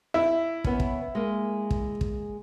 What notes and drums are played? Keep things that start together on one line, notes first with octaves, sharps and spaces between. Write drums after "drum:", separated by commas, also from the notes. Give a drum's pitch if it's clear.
E4
B3 C#4, drum: kick
drum: kick
G#3 A#3
drum: kick
drum: kick